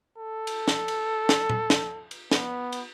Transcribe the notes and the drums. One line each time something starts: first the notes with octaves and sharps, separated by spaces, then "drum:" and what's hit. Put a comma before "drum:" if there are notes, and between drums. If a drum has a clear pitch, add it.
A4
drum: cymbal
drum: snare
drum: cymbal
drum: snare
drum: tom A#2
drum: snare
drum: cymbal
B3, drum: snare
drum: cymbal